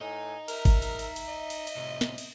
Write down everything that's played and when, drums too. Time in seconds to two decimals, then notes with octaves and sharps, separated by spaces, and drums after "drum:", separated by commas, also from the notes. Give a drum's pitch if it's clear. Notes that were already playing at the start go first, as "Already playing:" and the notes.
0.01 A2 D#4 G#5
0.48 A#4 E5, drum: cymbal
0.65 drum: kick G#1, cymbal
0.82 drum: cymbal
0.99 drum: cymbal
1.16 drum: cymbal
1.28 D#5
1.50 drum: cymbal
1.67 drum: cymbal
1.76 A2 C3
2.01 drum: snare
2.18 drum: cymbal